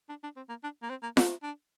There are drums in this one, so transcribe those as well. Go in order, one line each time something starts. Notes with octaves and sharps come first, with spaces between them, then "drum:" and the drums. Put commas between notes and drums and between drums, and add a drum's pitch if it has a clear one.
D4
D4
C4
A#3
D4
A#3
C4
A#3
A3, drum: snare F4
D4